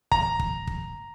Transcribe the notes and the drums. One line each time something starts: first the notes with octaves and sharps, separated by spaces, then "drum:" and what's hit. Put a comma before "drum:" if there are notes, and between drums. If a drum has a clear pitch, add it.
A#5, drum: kick
drum: kick
drum: kick